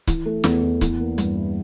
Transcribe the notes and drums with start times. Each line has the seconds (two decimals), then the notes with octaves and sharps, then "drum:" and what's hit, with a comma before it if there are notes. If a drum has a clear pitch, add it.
0.07 E3, drum: kick C#1, hi-hat
0.26 A3
0.44 E2, drum: snare
0.63 E2
0.81 E3, drum: kick C#1, hi-hat
1.00 A#3
1.18 G2, drum: hi-hat
1.36 E4